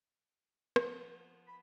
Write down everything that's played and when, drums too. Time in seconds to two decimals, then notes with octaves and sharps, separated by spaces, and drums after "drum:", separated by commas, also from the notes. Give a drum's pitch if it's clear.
0.76 F3 B3, drum: rim click
1.46 B5